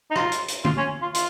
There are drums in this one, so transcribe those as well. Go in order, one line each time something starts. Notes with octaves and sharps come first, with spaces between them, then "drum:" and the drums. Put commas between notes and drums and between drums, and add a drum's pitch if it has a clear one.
D#4
F4, drum: rim click
drum: hi-hat
drum: hi-hat
F4, drum: tom
C#4
F4
F4, drum: hi-hat